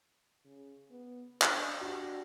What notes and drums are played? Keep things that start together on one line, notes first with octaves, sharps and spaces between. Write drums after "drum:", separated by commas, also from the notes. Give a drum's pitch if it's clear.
C#3
B3
D4 D6, drum: clap
D4 F#4 G4